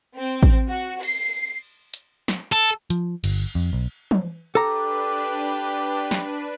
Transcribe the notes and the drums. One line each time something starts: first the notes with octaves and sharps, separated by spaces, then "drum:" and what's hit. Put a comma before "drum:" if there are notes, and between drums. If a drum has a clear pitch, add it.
C4
drum: kick A1
F#4
C7, drum: cymbal
drum: hi-hat
drum: snare
A4
F3, drum: hi-hat
G1, drum: cymbal
F2
B1
drum: tom
D4 G4 A4 B4 A#5 D6
drum: snare